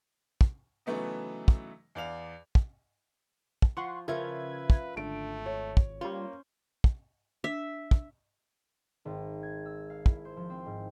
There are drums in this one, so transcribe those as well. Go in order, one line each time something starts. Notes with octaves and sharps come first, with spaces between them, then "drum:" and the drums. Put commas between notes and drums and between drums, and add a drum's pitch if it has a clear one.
drum: kick
C#3 E3 F#3 A3 B3 D#4
drum: kick
E2 D5 F5 F7
drum: kick
drum: kick
F3 F#5 C6 C#6
C#3 F3 C#4 A#4 B4 E5 F5 G#6
drum: kick
G#1 D3 A3 D7
C#5
drum: kick
G3 A#3 C#4 F4 C5
drum: kick
D4 E5
drum: kick
G#1
G#6
E6
F5
E4, drum: kick
C5
F3
C4
G#2